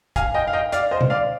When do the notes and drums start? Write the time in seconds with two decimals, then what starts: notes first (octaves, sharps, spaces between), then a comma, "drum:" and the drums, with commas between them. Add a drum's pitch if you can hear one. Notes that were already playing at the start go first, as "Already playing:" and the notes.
0.16 F5 G#5, drum: kick, hi-hat
0.34 D#5 G5
0.47 F5
0.53 D#5 G5
0.72 D5 F5, drum: hi-hat
0.91 C5 D#5
1.01 drum: tom
1.10 D5 F5